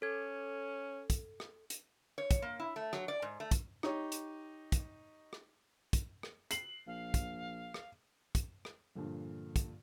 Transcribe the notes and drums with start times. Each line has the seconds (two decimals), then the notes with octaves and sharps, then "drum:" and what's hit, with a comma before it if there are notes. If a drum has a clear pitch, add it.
0.02 C#4 A4 G#6
1.10 drum: kick, hi-hat
1.40 drum: rim click
1.70 drum: hi-hat
2.18 C#5
2.31 drum: kick, hi-hat
2.42 A#3
2.60 E4
2.76 A3
2.93 F#3, drum: rim click
3.08 D5
3.22 G#2
3.40 A3
3.51 drum: kick, hi-hat
3.83 D#4 G4 C#5, drum: rim click
4.12 drum: hi-hat
4.72 drum: kick, hi-hat
5.33 drum: rim click
5.93 drum: kick, hi-hat
6.23 drum: rim click
6.51 C7 F#7, drum: hi-hat
6.87 A#1 F5
7.14 drum: kick, hi-hat
7.74 drum: rim click
8.35 drum: kick, hi-hat
8.65 drum: rim click
8.95 G2 A#2 D3 F3
9.56 drum: kick, hi-hat